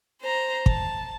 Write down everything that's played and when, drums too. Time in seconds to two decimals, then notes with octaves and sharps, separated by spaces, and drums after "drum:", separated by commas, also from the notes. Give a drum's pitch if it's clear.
0.21 C5 A#5
0.66 A5, drum: kick